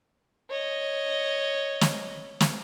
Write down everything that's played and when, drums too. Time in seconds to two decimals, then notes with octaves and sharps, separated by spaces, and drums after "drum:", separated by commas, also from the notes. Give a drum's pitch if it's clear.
0.50 C#5 D#5
1.81 drum: snare
2.40 drum: snare